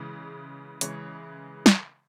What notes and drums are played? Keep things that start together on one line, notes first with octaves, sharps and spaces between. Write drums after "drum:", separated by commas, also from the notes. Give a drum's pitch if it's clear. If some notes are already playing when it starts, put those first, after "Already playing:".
Already playing: C#3 E3 G#3
C#3 E3 G#3 C#5, drum: hi-hat
drum: snare